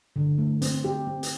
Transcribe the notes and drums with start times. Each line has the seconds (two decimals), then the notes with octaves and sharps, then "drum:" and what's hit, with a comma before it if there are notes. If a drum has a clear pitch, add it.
0.16 D3
0.38 A3
0.62 C4, drum: hi-hat
0.84 G4
1.07 C4
1.23 drum: hi-hat